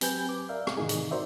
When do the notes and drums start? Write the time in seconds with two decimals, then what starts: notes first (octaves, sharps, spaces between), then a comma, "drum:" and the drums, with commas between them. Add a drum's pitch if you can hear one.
0.01 F#3 C4 G4 B4 G#5 G6, drum: hi-hat
0.29 D6
0.49 A#4 D5 E5 F5
0.67 drum: rim click
0.77 A2 C3 D#3 E3 D#4 G#4
0.89 drum: hi-hat
1.11 D#4 F#4 A#4 C5 D5 E5